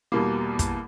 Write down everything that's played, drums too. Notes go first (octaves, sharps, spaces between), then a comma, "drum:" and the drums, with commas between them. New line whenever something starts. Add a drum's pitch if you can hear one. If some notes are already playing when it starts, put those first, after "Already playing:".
E2 B2 G3 A#3
drum: kick, hi-hat